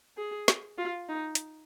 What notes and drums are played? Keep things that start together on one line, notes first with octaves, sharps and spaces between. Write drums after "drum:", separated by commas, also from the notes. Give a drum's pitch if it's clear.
G#4
drum: snare
F4
D#4
drum: hi-hat